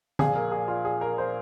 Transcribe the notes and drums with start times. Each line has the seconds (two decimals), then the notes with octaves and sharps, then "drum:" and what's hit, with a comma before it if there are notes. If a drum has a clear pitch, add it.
0.19 A#1 A#2 G#4, drum: tom D3
0.35 A#4
0.52 G#4
0.68 F4
0.85 G#4
1.01 A#4
1.18 C5